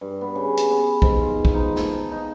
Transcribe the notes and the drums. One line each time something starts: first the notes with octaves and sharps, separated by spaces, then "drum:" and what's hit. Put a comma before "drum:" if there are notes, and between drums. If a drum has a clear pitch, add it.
G2
B3
C#3
drum: hi-hat
B3
G#2, drum: kick
F4
drum: kick
D#4
A5, drum: snare
D#4